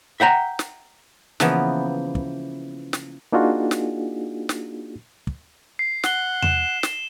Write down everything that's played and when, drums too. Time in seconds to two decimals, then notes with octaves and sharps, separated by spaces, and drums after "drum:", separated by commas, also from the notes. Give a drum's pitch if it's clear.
0.20 E5 F#5 G5 A#5
0.59 drum: snare
1.40 C#3 E3 F3 A#3 B3, drum: snare
2.15 drum: kick
2.93 drum: snare
3.32 A#3 D4 D#4 F4 F#4 G#4
3.71 drum: snare
4.49 drum: snare
5.27 drum: kick
5.79 C7
6.04 F#5 C7 G7, drum: snare
6.42 E7, drum: tom E2
6.83 drum: snare